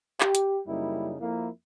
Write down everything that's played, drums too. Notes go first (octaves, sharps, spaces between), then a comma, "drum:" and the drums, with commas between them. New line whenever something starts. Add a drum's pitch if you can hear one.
G4, drum: clap
drum: hi-hat
F#2 C#3 G3 A#3 D#4 E4
F2 A#3 E4